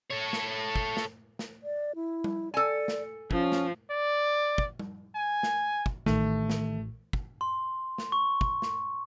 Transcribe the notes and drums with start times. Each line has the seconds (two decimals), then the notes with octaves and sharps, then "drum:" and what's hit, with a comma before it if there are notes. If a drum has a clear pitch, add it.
0.11 A4 C#5
0.33 drum: snare
0.76 drum: kick
0.97 drum: snare
1.39 drum: snare
1.63 D5
1.95 E4
2.24 drum: tom G3
2.54 A4 D5 G#5
2.88 drum: snare
3.31 F3 C#4, drum: kick
3.52 drum: snare
3.90 D5
4.58 drum: kick
4.79 drum: tom G3
5.16 G#5
5.43 drum: snare
5.86 drum: kick
6.06 A1 D#3 A3, drum: snare
6.50 drum: snare
7.13 drum: kick
7.41 C6
7.98 drum: snare
8.12 C#6
8.41 drum: kick
8.62 drum: snare